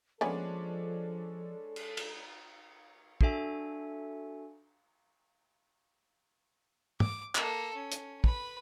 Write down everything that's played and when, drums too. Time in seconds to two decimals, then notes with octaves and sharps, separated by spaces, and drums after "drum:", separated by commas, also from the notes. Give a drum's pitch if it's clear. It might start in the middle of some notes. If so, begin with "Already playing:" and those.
0.21 F3 G#3 A#3 B3 C#4 D4 A4 G#5
1.76 drum: cymbal
1.97 drum: cymbal
3.21 D4 F#4 A4 E5 G#5, drum: kick
7.00 D6, drum: tom
7.35 A#3 A4, drum: clap
7.75 C#4
7.92 drum: hi-hat
8.24 B4 B5, drum: kick